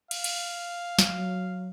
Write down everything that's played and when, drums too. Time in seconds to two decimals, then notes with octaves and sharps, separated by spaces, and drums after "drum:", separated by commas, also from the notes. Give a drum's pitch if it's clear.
0.11 F5, drum: cymbal
0.24 drum: cymbal
0.99 drum: snare
1.09 F#3